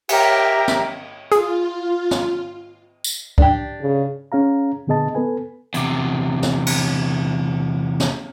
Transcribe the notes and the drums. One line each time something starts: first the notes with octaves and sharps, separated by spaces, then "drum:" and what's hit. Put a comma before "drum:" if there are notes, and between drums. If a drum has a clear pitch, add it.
G4 A#4 E5, drum: cymbal
drum: snare
F4 G#4, drum: hi-hat
drum: snare
drum: tambourine
D4 G4, drum: kick C2
C#3
C#4 G#4 F5 A#5
A#2 D3 B3 G#4 D#5 A5
B3 A4 B4 G#5
E2 C3, drum: hi-hat
drum: snare
drum: cymbal
drum: snare